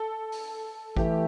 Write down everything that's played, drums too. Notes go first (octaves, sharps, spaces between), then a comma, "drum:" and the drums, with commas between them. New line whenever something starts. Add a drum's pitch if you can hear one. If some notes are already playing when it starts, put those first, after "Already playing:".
Already playing: A4
drum: open hi-hat
E3 A3 G4, drum: kick G#1